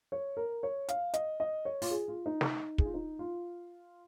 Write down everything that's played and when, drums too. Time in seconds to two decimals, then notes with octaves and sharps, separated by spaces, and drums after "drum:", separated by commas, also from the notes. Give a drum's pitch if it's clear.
0.12 C#5
0.37 A#4
0.63 C#5
0.88 F5, drum: hi-hat
1.14 D#5, drum: hi-hat
1.40 D#5
1.65 C#5
1.82 F4, drum: open hi-hat
1.91 G#4
2.08 F4
2.26 D#4
2.41 drum: snare
2.78 G#4, drum: kick
2.85 F4
2.94 D#4
3.19 F4